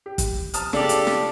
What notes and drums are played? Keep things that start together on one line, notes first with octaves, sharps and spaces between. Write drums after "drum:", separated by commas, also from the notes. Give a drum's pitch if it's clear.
G4
drum: kick, hi-hat
A5 D#6 F6, drum: hi-hat
C#3 D4 G4 A4 D5, drum: snare
drum: hi-hat
drum: snare